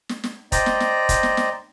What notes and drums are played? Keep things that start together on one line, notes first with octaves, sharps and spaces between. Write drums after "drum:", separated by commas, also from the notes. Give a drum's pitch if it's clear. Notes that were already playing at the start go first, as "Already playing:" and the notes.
drum: snare
drum: snare
C5 D5 D#5 G5 A#5, drum: kick E1, hi-hat
drum: snare
drum: snare
drum: kick E1, hi-hat
drum: snare
drum: snare